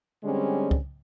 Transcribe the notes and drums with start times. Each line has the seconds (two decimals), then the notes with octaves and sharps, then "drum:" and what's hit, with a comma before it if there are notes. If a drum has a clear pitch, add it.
0.24 D3 G3 G#3 C4 C#4
0.71 drum: kick